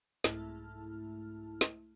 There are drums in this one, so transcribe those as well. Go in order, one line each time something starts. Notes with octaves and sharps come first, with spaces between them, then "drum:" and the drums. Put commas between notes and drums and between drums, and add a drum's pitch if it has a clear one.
C2 G#2 A3 E4 A5 F6, drum: snare
drum: snare